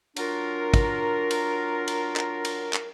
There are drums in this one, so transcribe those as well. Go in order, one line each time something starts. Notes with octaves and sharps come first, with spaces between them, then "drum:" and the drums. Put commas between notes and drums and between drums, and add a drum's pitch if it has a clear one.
F#3 D4 F4 A#4, drum: cymbal
drum: kick, cymbal
drum: cymbal
drum: cymbal
drum: clap
drum: cymbal
drum: clap